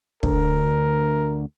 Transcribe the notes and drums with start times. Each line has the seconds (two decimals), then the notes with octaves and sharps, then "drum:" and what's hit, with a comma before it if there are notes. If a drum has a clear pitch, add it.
0.23 D2 A#4, drum: kick